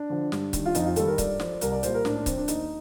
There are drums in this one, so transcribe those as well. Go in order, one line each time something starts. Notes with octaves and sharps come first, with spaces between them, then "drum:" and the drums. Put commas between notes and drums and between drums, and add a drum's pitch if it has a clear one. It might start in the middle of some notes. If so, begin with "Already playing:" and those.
Already playing: D4
D3 F3
G2, drum: snare
D#3 G3, drum: kick C#1, hi-hat
F4
F2 D#4, drum: hi-hat
F4
D#3 G3 A4, drum: hi-hat
A#4
G2 D5, drum: kick C#1, hi-hat
F3, drum: snare
C2 A#4, drum: hi-hat
D5
A#2 G3 C5, drum: hi-hat
A#4
A2 D4, drum: snare
D4
F3 C4, drum: kick C#1, hi-hat
D4
D#2 D#4, drum: hi-hat